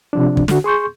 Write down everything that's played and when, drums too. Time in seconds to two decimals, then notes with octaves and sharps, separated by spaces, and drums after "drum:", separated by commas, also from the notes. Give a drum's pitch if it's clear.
0.13 C3 F3 D4
0.37 drum: kick
0.48 D3 F#4, drum: snare
0.64 G#4 C6 C#6 G6